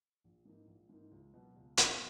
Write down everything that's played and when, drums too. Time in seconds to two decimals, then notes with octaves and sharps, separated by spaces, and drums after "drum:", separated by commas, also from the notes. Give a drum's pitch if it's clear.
0.24 A#1
0.45 G#2 E3 A#3 D#4
0.67 A#1
0.89 G#2 E3 A#3 D#4
1.11 C#2
1.34 B2 F#3 B3
1.56 C#2
1.77 B2 F#3 B3, drum: hi-hat